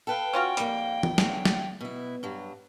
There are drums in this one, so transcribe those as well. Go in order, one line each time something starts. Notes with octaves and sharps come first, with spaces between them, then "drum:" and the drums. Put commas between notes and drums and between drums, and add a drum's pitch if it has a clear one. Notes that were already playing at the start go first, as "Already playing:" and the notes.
A4 B4 F5 G5
C#4 F4 F#4
F2 D#3 G3 A#3, drum: hi-hat
drum: tom
E2 D3 F#3, drum: snare
drum: snare
B2 E4
G2 F#3